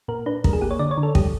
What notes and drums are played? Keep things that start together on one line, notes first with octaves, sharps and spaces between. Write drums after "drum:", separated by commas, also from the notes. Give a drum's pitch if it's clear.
A#2 A#4
D4 B4
G3 A#4, drum: kick
G#4
A#3 G4
C#5
D3 D5
C#5
D3
A4
G3 G4, drum: kick